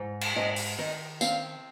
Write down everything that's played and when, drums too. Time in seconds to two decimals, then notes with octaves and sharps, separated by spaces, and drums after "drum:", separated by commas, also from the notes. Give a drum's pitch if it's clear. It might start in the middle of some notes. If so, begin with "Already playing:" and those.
Already playing: G#2
0.21 drum: cymbal
0.36 G#2 D#5
0.56 drum: open hi-hat
0.78 D#3 D#5
1.21 C4 F5, drum: tambourine